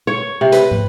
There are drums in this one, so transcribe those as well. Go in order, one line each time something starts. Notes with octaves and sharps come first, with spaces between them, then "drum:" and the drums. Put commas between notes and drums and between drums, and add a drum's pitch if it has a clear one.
C#5
C3
B4, drum: hi-hat
drum: tom